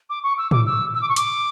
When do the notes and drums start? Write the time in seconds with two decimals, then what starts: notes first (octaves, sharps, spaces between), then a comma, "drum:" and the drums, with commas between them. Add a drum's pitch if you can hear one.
0.09 D6
0.23 C#6
0.37 E6
0.51 D6, drum: tom
0.66 E6
0.94 E6
1.01 D6
1.09 C#6
1.16 D6, drum: hi-hat